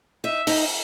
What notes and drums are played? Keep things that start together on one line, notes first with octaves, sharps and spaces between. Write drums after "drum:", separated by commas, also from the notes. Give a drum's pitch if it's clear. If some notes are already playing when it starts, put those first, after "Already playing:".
D#4 E5
D#4, drum: open hi-hat